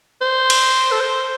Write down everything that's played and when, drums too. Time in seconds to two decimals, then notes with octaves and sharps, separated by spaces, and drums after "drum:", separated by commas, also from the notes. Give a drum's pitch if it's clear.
0.21 C5
0.50 drum: cymbal
0.92 A4
1.00 C5